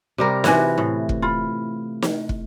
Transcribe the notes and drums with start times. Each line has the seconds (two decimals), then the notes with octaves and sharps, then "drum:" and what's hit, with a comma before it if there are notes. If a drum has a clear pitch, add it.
0.18 C3 G3 A#4
0.44 C3 E3 E4 F#4 B4 G#5, drum: snare
0.78 A2
1.09 drum: kick
1.22 F4 B5
2.02 drum: snare
2.29 drum: kick